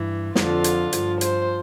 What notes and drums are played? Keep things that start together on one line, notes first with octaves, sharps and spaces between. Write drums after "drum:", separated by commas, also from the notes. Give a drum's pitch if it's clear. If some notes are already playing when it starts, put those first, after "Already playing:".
Already playing: G2 E3
F2 D3 F3 F4, drum: snare
drum: hi-hat
G2 F3, drum: hi-hat
C5, drum: hi-hat